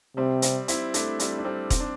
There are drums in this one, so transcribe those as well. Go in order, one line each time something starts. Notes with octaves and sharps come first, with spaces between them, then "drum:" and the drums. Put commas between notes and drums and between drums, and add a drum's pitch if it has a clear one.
C3 G3 C4
G3 C4, drum: hi-hat
C4 E4, drum: hi-hat
A3 D4, drum: hi-hat
G3 C4, drum: hi-hat
D4
G3 C4
C4, drum: kick E1, hi-hat
D4